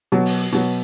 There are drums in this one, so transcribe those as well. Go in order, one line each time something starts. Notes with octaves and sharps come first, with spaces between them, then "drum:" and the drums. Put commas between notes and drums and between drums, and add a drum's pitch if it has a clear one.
B2 F#3
drum: open hi-hat
B2 F#3, drum: hi-hat